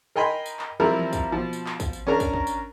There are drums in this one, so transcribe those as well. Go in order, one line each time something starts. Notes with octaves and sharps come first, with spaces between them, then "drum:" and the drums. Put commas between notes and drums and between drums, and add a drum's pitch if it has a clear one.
A#4 D#5 G5 G#5 B5 C6
drum: tambourine
drum: clap
F3 G3 C4 E4 A#4
drum: tom D#3
drum: kick, tambourine
B2 F3
drum: tambourine
drum: clap
drum: kick, tambourine
drum: tambourine
C#4 D4 A#4 A#5, drum: tom D#3
drum: kick, tambourine
drum: kick
drum: tambourine